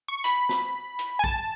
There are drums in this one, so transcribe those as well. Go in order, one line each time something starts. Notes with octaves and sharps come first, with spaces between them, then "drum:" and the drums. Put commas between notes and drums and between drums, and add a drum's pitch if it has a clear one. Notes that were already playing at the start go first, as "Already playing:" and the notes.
C#6
B5, drum: hi-hat
drum: snare
drum: hi-hat
G#5
A5, drum: kick